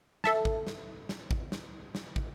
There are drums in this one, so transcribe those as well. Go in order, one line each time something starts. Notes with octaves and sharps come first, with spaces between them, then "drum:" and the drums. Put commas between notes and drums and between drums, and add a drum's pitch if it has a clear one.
A4 E5 A5, drum: snare
drum: kick
drum: snare
drum: snare
drum: kick
drum: snare
drum: snare
drum: kick